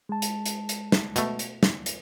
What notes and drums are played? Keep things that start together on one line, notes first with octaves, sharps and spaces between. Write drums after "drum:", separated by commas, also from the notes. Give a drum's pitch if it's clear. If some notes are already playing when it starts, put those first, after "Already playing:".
G#3 A5
drum: hi-hat
drum: hi-hat
drum: hi-hat
drum: snare
B2 A3, drum: hi-hat
drum: hi-hat
drum: snare
drum: hi-hat